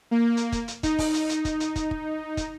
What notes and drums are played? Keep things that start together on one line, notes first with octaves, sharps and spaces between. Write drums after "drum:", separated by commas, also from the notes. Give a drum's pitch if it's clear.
A#3
drum: hi-hat
drum: kick, hi-hat
drum: hi-hat
D#4, drum: kick, hi-hat
drum: kick, open hi-hat
drum: hi-hat
drum: hi-hat
drum: kick, hi-hat
drum: hi-hat
drum: kick, hi-hat
drum: kick
drum: kick, hi-hat